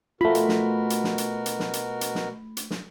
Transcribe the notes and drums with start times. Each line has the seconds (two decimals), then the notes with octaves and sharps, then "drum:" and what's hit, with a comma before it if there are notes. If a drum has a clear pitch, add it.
0.21 B2 A3 F4 F#4 A#4 B5
0.35 drum: hi-hat
0.49 drum: snare
0.90 drum: hi-hat
1.04 drum: snare
1.18 drum: hi-hat
1.46 drum: hi-hat
1.60 drum: snare
1.73 drum: hi-hat
2.01 drum: hi-hat
2.15 drum: snare
2.57 drum: hi-hat
2.71 drum: snare